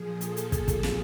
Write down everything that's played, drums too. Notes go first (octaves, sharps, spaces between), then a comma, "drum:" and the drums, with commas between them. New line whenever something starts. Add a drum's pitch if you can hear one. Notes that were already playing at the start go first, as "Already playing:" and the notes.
Already playing: A#2 F3 G#4
A4, drum: hi-hat
drum: hi-hat
drum: kick, hi-hat
drum: kick, hi-hat
drum: snare